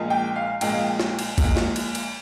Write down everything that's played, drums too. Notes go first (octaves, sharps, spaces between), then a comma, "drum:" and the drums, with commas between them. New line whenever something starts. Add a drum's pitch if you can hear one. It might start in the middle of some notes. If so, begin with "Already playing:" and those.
Already playing: A#1 A#2 G#3
G5
F5
A#1 A#2 G#3 G5, drum: cymbal
F5
G5
drum: snare
drum: cymbal
A#1 A#2 G#3, drum: kick A1, cymbal
drum: snare
drum: cymbal
drum: cymbal